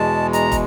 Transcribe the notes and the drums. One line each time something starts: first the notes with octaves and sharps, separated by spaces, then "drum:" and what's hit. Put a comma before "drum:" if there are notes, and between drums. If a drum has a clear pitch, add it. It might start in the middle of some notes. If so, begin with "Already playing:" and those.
Already playing: E2 B2 G#3 A5
A#5, drum: hi-hat
drum: kick, hi-hat